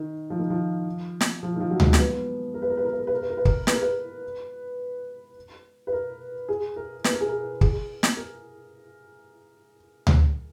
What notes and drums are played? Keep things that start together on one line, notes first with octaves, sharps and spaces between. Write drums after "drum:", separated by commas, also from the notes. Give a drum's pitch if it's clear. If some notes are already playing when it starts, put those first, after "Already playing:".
Already playing: D#3
F3
D#3
F3
drum: snare
F3
D#3
F3
F#3
G#3, drum: tom D2
A#3, drum: snare
B3
A#4
B4
A#4
B4
A#4
B4
A#4
B4
A#4
B4
A#4
B4
A#4, drum: kick
B4, drum: snare
A#4
B4
B4
A#4
G#4
A#4
B4, drum: snare
A#4
G#4
A#4
G#4, drum: kick
drum: snare
A#4
drum: tom D2